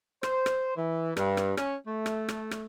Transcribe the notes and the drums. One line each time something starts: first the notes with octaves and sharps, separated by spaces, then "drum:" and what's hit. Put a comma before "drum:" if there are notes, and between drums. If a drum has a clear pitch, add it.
C5, drum: rim click
drum: rim click
E3
G2, drum: rim click
drum: rim click
C#4, drum: rim click
A3
drum: rim click
drum: rim click
drum: rim click